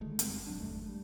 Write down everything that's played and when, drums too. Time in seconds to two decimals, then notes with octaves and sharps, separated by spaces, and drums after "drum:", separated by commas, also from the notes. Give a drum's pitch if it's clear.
0.01 D3 D#3 G#3 A3
0.19 F#1 G3 G#3 C4, drum: hi-hat
0.47 D#1 G2 F#3 D4
0.60 G1 E2 G#3 A3
0.88 G3